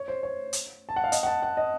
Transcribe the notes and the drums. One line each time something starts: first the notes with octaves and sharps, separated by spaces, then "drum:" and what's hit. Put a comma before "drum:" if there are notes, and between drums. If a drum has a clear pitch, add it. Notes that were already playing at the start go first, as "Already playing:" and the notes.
Already playing: C#5
C5
C#5
drum: hi-hat
A5
F#5
F5
D#5, drum: hi-hat
F#5
A5
F#5
D#5